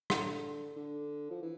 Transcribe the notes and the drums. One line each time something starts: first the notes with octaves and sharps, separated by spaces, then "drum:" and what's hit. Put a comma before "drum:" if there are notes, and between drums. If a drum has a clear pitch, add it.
D3, drum: rim click
D3
F3
E3